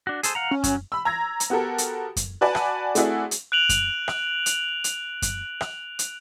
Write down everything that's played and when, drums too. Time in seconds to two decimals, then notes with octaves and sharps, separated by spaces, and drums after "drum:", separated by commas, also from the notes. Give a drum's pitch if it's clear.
0.07 D4 F#4
0.23 G#4 A4 C5, drum: hi-hat
0.35 F5 F#5 A#5
0.51 C#4
0.64 F#3, drum: kick F#2, hi-hat
0.92 B5 E6
1.05 A#5 E6 G#6 A#6
1.40 drum: hi-hat
1.50 B3 F#4 G4 A4 A#4
1.78 drum: hi-hat
2.17 drum: kick F#2, hi-hat
2.41 F#4 B4 D5 G#5 A5
2.55 drum: rim click
2.95 A3 C4 E4 F#4 G#4 D5, drum: hi-hat
3.31 drum: hi-hat
3.52 F#6 D7 F7 F#7
3.69 drum: kick F#2, hi-hat
4.08 drum: rim click
4.46 drum: hi-hat
4.84 drum: hi-hat
5.22 drum: kick F#2, hi-hat
5.61 drum: rim click
5.99 drum: hi-hat